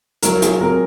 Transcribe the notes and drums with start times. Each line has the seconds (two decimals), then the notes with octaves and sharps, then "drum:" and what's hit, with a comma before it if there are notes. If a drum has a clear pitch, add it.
0.23 F#3 A#4, drum: hi-hat
0.42 F4 G#4, drum: hi-hat
0.61 C4 A#4